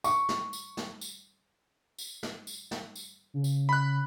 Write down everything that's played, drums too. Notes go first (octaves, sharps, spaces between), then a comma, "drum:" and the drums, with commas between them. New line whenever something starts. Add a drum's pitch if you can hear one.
C#6, drum: tambourine
drum: snare
drum: tambourine
drum: snare
drum: tambourine
drum: tambourine
drum: snare
drum: tambourine
drum: snare
drum: tambourine
C#3
drum: tambourine
B5 F#6